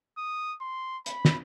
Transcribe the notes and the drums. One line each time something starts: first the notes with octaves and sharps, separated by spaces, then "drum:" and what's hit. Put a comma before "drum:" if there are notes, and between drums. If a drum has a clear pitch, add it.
D#6
C6
B5, drum: hi-hat
drum: snare